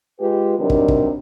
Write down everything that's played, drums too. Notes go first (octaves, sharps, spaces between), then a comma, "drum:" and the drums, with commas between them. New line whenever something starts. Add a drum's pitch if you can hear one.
G#3 F4 G4 B4
C3 D#3 F#3 G3 D4
drum: kick
drum: kick